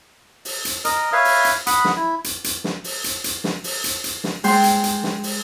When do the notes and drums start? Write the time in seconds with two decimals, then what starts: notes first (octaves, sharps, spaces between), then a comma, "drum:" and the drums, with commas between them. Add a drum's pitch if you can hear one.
0.45 drum: open hi-hat
0.65 drum: hi-hat
0.85 A#4 D#5, drum: hi-hat
1.13 B4 C#5 E5 F5
1.25 drum: open hi-hat
1.45 drum: hi-hat
1.67 F#5 B5 D#6, drum: hi-hat
1.85 drum: snare
1.96 E4
2.24 drum: hi-hat
2.44 drum: hi-hat
2.64 drum: snare
2.84 drum: open hi-hat
3.04 drum: hi-hat
3.24 drum: hi-hat
3.44 drum: snare
3.64 drum: open hi-hat
3.84 drum: hi-hat
4.04 drum: hi-hat
4.24 drum: snare
4.44 G#3 G5 C6, drum: open hi-hat
4.64 drum: hi-hat
4.84 drum: hi-hat
5.04 drum: snare
5.23 drum: open hi-hat